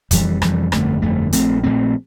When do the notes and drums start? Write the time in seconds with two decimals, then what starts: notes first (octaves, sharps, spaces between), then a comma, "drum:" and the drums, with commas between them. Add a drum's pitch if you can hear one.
0.11 F1 F2 E3 G3, drum: kick, hi-hat
0.42 F1 F2 E3 G3, drum: rim click
0.72 G1 F2 D3 A3, drum: rim click
1.02 G1 F2 D3 A3
1.32 A#1 A#2 A3 C4, drum: hi-hat
1.63 A#1 A#2 A3 C4